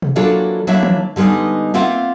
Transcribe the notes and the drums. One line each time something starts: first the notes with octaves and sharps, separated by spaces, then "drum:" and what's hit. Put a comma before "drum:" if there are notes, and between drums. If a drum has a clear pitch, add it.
drum: tom
E3 F#3 A#3 D4 F4 A4
F#3 A#3 D4 E4 E5
drum: tom
D3 G3 G#3 B3 D#4
A#3 C4 F4 E5 F#5